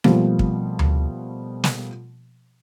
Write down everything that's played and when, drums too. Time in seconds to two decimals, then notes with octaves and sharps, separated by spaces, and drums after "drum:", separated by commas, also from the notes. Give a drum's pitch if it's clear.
0.04 B2 F3 G3 A3 A#3 F4, drum: rim click
0.39 drum: kick
0.79 drum: tom D2
1.64 drum: snare